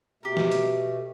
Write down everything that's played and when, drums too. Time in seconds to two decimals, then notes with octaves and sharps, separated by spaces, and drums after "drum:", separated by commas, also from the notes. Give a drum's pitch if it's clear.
0.23 B2 A3 G4 A#4
0.37 drum: snare
0.52 drum: hi-hat